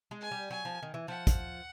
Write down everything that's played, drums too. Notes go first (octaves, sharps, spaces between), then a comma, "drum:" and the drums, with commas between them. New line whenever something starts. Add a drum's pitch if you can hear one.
G#3
G#5
G3
F#3 G#5
F3
D#3
E3
F3 F#5
drum: kick, hi-hat